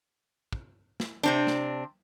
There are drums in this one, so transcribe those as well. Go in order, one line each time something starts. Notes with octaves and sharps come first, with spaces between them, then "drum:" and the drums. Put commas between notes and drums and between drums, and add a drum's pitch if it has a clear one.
drum: kick
drum: snare
C3 C4 D4
drum: snare